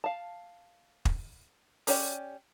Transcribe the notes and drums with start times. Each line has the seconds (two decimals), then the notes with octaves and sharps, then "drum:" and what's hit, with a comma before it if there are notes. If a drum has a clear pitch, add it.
0.04 F5 A5
1.05 drum: kick
1.87 C#4 G4 C#5 D5 G5, drum: open hi-hat